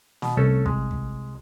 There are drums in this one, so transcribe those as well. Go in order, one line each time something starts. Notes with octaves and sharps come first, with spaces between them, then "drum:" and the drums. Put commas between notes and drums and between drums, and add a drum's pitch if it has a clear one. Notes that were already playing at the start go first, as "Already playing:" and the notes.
B2, drum: snare
C2 A3 C#4 A4
G#3, drum: kick
drum: kick